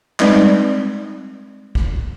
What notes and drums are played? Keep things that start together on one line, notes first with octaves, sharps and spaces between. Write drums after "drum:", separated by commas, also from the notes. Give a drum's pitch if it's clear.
G3 G#3 C4 D#4 B4 D5, drum: clap
drum: kick A#1